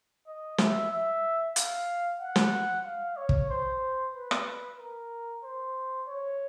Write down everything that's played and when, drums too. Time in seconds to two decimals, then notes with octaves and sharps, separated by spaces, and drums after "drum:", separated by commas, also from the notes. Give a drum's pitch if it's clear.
0.27 D#5
0.58 E5, drum: snare
0.91 E5
1.56 F5, drum: hi-hat
2.21 F#5
2.36 drum: snare
2.85 F5
3.17 C#5
3.29 drum: kick
3.50 C5
4.14 B4
4.31 drum: rim click
4.79 A#4
5.44 C5
6.08 C#5